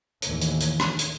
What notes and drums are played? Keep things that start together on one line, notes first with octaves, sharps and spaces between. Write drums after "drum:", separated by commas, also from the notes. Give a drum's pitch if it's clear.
D#2 A2 E3, drum: hi-hat
drum: hi-hat
drum: hi-hat
drum: rim click
drum: hi-hat